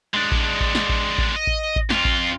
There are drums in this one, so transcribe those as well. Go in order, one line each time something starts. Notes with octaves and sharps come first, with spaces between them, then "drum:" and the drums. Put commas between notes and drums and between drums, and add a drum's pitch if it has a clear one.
G#3 D4
drum: kick A1
drum: kick A1
drum: snare
drum: kick A1
drum: kick A1
D#5
drum: kick A1
drum: kick A1
F2 F4, drum: snare
drum: kick A1